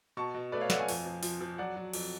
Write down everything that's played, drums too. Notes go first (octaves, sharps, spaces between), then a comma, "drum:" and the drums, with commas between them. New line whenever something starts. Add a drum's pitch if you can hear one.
B2 A5 C#6
B2
A3 B4 D5
C#5 F5
A3 D5 F#5, drum: snare
F5 G#5
F2, drum: open hi-hat
F3
F3, drum: open hi-hat
F3
F#3 D5 F#5
F#3
F2, drum: cymbal